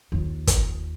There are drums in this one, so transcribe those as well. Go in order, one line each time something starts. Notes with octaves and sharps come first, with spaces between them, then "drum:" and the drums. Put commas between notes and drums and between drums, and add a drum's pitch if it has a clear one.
D#2 F4
drum: kick, hi-hat